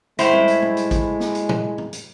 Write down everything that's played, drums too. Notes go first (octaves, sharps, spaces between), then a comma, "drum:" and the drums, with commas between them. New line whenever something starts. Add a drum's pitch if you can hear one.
A2 G#3 E4 C5, drum: hi-hat
drum: tom
drum: hi-hat
drum: tom
drum: hi-hat
drum: kick, hi-hat
drum: snare
drum: hi-hat
drum: tom
drum: tom
drum: hi-hat